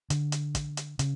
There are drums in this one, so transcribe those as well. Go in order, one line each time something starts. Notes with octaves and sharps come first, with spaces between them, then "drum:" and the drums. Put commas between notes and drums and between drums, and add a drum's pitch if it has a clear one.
D3, drum: hi-hat
drum: hi-hat
drum: kick, hi-hat
drum: hi-hat
C#3, drum: hi-hat